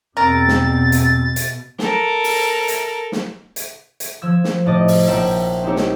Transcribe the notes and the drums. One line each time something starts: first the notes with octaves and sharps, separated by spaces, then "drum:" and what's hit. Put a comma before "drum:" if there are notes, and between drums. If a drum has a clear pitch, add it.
E2 B2 C4 A#4 A6
drum: snare
drum: hi-hat
drum: hi-hat
A4 A#4, drum: snare
drum: open hi-hat
drum: hi-hat
drum: snare
drum: hi-hat
drum: hi-hat
F3 E6 G#6
drum: snare
A2 C3 D5 D#5
drum: open hi-hat
A#1 D4 F4 C#5 E5 G5
C4 D#4 E4 G4 C#5
drum: snare